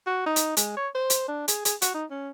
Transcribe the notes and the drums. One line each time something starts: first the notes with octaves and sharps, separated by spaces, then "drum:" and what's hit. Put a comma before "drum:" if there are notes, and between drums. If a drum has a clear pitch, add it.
F#4
D#4
drum: hi-hat
G#3, drum: hi-hat
C#5
C5
drum: hi-hat
D4
G#4, drum: hi-hat
G#4, drum: hi-hat
F#4, drum: hi-hat
D#4
C#4